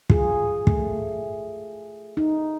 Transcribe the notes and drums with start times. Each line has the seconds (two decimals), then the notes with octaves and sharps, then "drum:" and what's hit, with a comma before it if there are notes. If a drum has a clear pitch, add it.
0.10 F4 G#4, drum: kick
0.67 A3, drum: kick
2.17 D#4